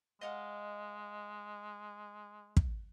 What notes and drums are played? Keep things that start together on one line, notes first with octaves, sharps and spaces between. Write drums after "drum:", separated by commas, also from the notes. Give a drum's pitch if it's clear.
G#3 D#5 F5 F#5
drum: kick